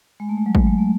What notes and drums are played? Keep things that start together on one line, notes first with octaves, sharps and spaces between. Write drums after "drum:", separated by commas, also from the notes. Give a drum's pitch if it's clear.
G#3
A3
G#3
F#3
G#3, drum: kick
G#3
A3